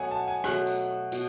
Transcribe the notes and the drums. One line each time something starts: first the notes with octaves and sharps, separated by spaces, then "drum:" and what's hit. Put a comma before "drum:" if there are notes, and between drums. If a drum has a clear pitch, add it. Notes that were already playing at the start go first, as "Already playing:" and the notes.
Already playing: B2 F#3 A3 F#5 G#5
A5
G#5
B2 F#3 A3 F#6, drum: rim click
drum: tambourine
B2, drum: tambourine